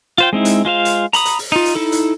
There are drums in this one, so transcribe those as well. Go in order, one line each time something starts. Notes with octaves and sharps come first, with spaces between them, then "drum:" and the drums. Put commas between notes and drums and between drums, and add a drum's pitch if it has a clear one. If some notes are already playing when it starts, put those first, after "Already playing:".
F4 C5 G5
G#3 C4 D#4 E4
drum: hi-hat
G#3 F4 C5 F5
drum: hi-hat
A#5 B5 D#6, drum: hi-hat
drum: hi-hat
drum: open hi-hat
D#4 F4
drum: hi-hat
D#4 E4 A4
drum: hi-hat